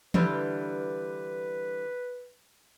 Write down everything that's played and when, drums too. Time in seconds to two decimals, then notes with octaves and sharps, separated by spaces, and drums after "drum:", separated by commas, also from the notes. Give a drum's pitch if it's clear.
0.14 D3 E3 G3 B4, drum: tom E3